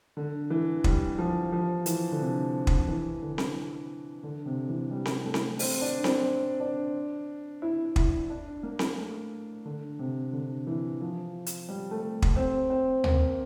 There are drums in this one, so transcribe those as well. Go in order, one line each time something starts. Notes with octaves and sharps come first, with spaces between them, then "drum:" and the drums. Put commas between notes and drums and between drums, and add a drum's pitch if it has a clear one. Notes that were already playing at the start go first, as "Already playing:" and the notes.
D3
E3
G3, drum: kick
F3
F3
E3, drum: hi-hat
D3
C3
drum: kick
E3
D3
drum: snare C4
D3
C3
E3
G3
drum: snare C4
A3
drum: snare C4
C4, drum: open hi-hat
D4
C4, drum: snare C4
D4
E4
E4, drum: kick
D4
A#3
drum: snare C4
A3
D3
C3
D3
E3
F3
drum: hi-hat
G3
A3
drum: kick
C4
C4
A#3, drum: tom